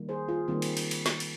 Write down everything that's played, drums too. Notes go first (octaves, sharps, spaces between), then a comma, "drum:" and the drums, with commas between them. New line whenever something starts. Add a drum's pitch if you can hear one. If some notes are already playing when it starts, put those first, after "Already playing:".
Already playing: D#3 G3 A#3
G#4 C5
F4 G#4
D#3 G3 A#3 C4
drum: cymbal
drum: cymbal
drum: cymbal
drum: snare
drum: cymbal